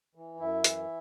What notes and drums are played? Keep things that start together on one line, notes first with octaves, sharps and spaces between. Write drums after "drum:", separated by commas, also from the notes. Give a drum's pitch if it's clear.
E3
F#2 E4
E3, drum: hi-hat